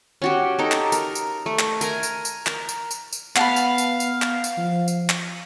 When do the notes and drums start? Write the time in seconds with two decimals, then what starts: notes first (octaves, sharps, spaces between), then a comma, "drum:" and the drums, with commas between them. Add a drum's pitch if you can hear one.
0.22 C#4 F#4 G4
0.59 D#4 G4 A4
0.72 drum: clap
0.92 A#4, drum: tambourine
1.15 drum: tambourine
1.46 A3
1.59 drum: clap
1.81 A#4 G#5 A#5, drum: tambourine
2.03 drum: tambourine
2.25 drum: tambourine
2.47 A#4, drum: clap
2.69 drum: tambourine
2.91 drum: tambourine
3.12 drum: tambourine
3.36 B3 F5 F#5 A5 B5, drum: clap
3.56 drum: tambourine
3.78 drum: tambourine
4.00 drum: tambourine
4.22 drum: clap
4.44 drum: tambourine
4.57 F3
4.88 drum: tambourine
5.10 drum: clap